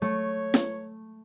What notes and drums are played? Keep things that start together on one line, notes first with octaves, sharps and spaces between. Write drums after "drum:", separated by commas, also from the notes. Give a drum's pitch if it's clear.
A3 C#5
drum: snare